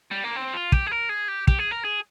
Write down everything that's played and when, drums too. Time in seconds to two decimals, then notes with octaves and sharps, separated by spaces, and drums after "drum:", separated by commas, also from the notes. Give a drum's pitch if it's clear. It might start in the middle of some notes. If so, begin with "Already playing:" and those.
0.11 G3
0.24 A#3
0.36 C4
0.54 F4
0.72 G4, drum: kick
0.87 G#4
0.92 A#4
1.09 G#4
1.28 G4
1.48 G4, drum: kick
1.59 G#4
1.71 A#4
1.85 G#4